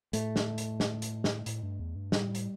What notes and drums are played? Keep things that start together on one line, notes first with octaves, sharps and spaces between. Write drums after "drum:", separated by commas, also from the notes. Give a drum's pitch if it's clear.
A2 A3, drum: hi-hat
drum: snare
drum: hi-hat
drum: snare
drum: hi-hat
drum: snare
A2, drum: hi-hat
G2
E2
G2
A2 G3, drum: snare
drum: hi-hat